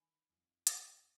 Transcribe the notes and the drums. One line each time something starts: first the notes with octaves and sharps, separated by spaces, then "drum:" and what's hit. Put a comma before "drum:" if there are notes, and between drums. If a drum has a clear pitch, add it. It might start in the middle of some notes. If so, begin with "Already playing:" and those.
Already playing: D#3 G#5 B5
F2
F2, drum: hi-hat